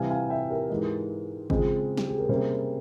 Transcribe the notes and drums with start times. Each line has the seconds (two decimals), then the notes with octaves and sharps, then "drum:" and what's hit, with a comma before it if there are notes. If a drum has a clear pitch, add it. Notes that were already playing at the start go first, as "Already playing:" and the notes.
Already playing: C3 E3 G3 F5 G#5
0.10 F5 G#5
0.30 E5 G5
0.50 G4 A#4
0.70 G#2 E3 G#3
1.50 C#3 F3 G#3 C4, drum: kick G#1
1.97 G4, drum: snare
2.09 G#4
2.18 A#4
2.29 C3 G3 A#3 C#4 G#4 C5